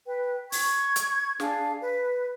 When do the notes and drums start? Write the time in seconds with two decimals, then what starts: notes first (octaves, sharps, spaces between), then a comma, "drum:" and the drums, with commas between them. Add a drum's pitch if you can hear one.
0.07 B4 G5
0.52 C#6 G#6, drum: open hi-hat
0.96 drum: hi-hat
1.40 D4 G#4 F5, drum: snare
1.80 B4